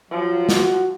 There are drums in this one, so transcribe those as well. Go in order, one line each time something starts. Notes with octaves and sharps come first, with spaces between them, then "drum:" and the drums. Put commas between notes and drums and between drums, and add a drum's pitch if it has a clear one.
F3 F#3
F#4, drum: snare